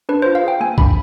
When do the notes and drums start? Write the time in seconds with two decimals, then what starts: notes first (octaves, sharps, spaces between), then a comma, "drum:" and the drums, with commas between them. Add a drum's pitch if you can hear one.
0.09 D4 B4
0.22 F4 C5
0.35 F5
0.44 G#4 G5
0.60 A#3 G#5
0.78 D4 B5, drum: kick